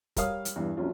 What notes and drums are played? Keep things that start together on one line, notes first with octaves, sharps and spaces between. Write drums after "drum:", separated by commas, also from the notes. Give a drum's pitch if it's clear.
G3 A#4 C#5 F5 D#6 F6, drum: kick, hi-hat
drum: hi-hat
E2 G2
A#1 F2 F#3 C#4 F4